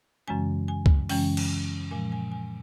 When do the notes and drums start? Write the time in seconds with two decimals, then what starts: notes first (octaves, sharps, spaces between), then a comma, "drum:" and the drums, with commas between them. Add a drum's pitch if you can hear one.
0.27 F#2 C#3 E3 G#3 C#4 G#5
0.68 G#5
0.86 drum: kick C#2
1.09 F#2 C#3 E3 G#3 C#4 G5, drum: open hi-hat
1.37 drum: cymbal
1.91 A#2 F3 G#3 G#5
2.12 G#5
2.32 G#5